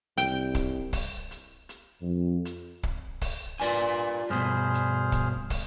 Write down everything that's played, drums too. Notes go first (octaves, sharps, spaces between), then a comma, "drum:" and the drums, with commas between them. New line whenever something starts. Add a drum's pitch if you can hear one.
C2 G5, drum: hi-hat
drum: kick, hi-hat
drum: kick, open hi-hat
drum: hi-hat
drum: hi-hat
F2
drum: hi-hat
drum: kick
drum: kick, open hi-hat
G2 A#2 F4 D5 G#5, drum: hi-hat
G2 B2 G#4 C5 F6
drum: hi-hat
drum: kick, hi-hat
drum: kick, open hi-hat